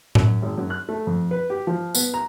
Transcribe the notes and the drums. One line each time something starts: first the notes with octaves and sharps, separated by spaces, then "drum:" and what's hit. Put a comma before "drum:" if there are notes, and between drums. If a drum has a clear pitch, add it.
F#2, drum: tom A2
G#1
F#2
F#6
A3
F2
B4
G4
F3
B3, drum: tambourine
A#5